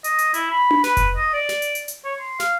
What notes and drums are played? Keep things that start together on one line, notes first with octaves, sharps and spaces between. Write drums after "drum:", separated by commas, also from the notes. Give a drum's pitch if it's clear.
D#5, drum: hi-hat
drum: hi-hat
E4, drum: hi-hat
B5
drum: tom D4
B4, drum: snare
drum: kick F1, hi-hat
D#5
D5
drum: snare
drum: hi-hat
drum: hi-hat
drum: hi-hat
C#5
C6
F5, drum: snare